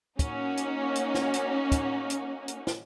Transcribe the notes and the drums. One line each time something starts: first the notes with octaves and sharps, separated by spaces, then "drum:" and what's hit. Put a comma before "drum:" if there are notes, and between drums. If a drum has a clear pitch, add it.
A#3 C#4 D#4 F#4, drum: kick, hi-hat
drum: hi-hat
drum: hi-hat
drum: snare
drum: hi-hat
drum: kick, hi-hat
drum: hi-hat
drum: hi-hat
drum: snare